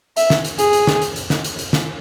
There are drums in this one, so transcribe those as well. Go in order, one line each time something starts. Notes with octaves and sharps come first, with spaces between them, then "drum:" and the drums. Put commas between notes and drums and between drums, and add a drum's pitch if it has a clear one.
E5, drum: hi-hat
drum: snare
drum: hi-hat
G#4, drum: hi-hat
drum: hi-hat
drum: snare
drum: hi-hat
drum: hi-hat
drum: snare
drum: hi-hat
drum: hi-hat
drum: snare